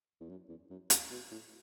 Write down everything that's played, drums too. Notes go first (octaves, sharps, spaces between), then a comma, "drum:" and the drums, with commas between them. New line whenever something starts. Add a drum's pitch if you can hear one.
E2
F#2
E2
F#2
A2, drum: hi-hat
B2
A2